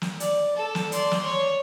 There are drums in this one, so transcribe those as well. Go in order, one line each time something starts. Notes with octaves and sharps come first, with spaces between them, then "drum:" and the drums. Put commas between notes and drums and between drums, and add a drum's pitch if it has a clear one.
drum: snare
D5, drum: hi-hat
A4 A5
drum: snare
D5 C6, drum: hi-hat
drum: snare
C#5